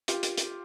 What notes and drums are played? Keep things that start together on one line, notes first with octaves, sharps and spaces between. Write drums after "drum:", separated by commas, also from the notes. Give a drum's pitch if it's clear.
F4 G4, drum: hi-hat
drum: hi-hat
drum: hi-hat